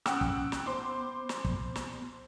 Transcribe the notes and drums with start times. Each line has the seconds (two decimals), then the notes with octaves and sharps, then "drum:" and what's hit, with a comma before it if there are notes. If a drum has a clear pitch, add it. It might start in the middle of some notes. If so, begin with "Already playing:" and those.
0.06 C#4 F#5 G5 D#6 E6, drum: snare
0.21 drum: kick
0.52 drum: snare
0.66 B3 C5 C6 D6
1.29 drum: snare
1.45 drum: kick
1.75 drum: snare